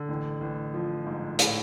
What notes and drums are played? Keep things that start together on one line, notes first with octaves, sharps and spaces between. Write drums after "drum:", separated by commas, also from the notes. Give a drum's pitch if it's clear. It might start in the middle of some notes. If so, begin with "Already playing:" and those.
Already playing: D3
A1
A1
F3
G#2
A2, drum: hi-hat